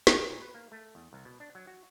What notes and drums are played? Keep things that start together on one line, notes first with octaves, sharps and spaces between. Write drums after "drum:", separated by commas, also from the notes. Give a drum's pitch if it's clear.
B1, drum: snare
A#2
B4
A#3
A3
E2
C2
B2
D4
F#3
F#4